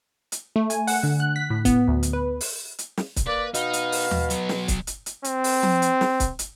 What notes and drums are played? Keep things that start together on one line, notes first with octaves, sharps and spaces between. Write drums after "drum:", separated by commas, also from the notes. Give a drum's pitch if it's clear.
drum: hi-hat
A3
G#5, drum: hi-hat
F#5, drum: open hi-hat
D3
F#6
B6
A2
B3, drum: kick C#1, hi-hat
D2
drum: hi-hat
B4
drum: open hi-hat
drum: hi-hat
drum: snare
drum: kick C#1, hi-hat
A#3 B4 D5
B2 D#4 F5, drum: hi-hat
drum: hi-hat
drum: open hi-hat
drum: tom D#2
F#3 B3, drum: hi-hat
drum: snare
drum: kick C#1, hi-hat
drum: hi-hat
drum: hi-hat
C4, drum: hi-hat
drum: open hi-hat
drum: tom F3
drum: hi-hat
drum: snare
drum: kick C#1, hi-hat
drum: hi-hat